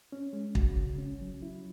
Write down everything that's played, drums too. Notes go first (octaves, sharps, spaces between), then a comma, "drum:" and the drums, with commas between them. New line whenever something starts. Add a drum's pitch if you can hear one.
C#4
G#3
F#4, drum: kick
C#3
C#4
F#3
E4